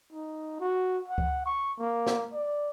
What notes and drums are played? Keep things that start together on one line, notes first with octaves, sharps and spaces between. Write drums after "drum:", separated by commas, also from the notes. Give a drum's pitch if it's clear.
D#4
F#4
F#5
drum: kick C#2
C#6
A#3
drum: snare
D5